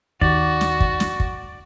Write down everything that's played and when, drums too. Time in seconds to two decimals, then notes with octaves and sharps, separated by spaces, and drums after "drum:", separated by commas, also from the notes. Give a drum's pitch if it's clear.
0.21 D#2 F#4 D5, drum: kick
0.61 drum: snare
0.80 drum: kick
1.00 drum: snare
1.20 drum: kick